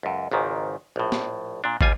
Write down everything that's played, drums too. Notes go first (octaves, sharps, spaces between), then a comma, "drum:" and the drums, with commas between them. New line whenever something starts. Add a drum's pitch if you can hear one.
C#2 F#2
G#1 C#2 G#2 D#3
A#1 A2
drum: snare
A#2 D4
D#2 G3 F4 G#5, drum: kick